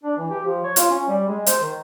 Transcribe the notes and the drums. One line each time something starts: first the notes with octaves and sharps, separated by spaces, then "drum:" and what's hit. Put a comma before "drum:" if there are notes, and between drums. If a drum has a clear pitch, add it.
D4
E3
G4
F3
C#5
F4, drum: hi-hat
C#4
G3
G#3
C5, drum: hi-hat
D#3